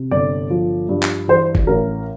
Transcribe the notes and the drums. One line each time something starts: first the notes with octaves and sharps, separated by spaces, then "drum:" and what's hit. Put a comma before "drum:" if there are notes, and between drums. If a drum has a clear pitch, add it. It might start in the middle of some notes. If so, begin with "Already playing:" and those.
Already playing: C3
G1 D5
F3
G2
drum: clap
E3 C5
drum: kick F#1
A1 A#4